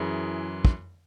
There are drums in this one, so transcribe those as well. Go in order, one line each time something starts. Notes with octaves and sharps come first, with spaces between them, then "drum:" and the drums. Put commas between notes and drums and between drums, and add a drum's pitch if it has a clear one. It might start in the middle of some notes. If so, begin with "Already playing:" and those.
Already playing: F#2 E3 E4 G#4
drum: kick